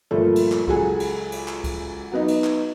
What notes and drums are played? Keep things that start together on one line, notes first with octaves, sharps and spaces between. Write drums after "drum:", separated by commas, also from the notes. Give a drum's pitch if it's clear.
G1 A#2 F3 A3 A#3 A4
drum: cymbal
drum: clap
C#2 F#3 G#4 A4 F#5 G#5, drum: kick C2
drum: cymbal
drum: cymbal
drum: clap
drum: kick C2, cymbal
F#3 B3 D#4
drum: cymbal
drum: clap